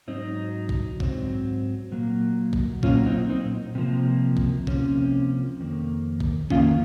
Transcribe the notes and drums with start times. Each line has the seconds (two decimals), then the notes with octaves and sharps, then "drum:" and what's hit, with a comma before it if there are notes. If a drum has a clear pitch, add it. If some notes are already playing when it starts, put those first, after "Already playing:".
0.07 G#2 F#3 C4 D#4
0.69 drum: kick
1.00 G#2 F#3 C4, drum: kick
1.92 A#2 F#3 A#3
2.53 drum: kick
2.83 A#2 F#3 A#3 C#4 F4, drum: kick
3.06 C4 D#4
3.30 C4 D#4
3.75 C3 F3 A#3
4.37 drum: kick
4.67 C3 F3 A#3 C#4, drum: kick
5.60 F2 D#3 A#3
6.20 drum: kick
6.50 F2 D#3 A#3 C#4 F4, drum: kick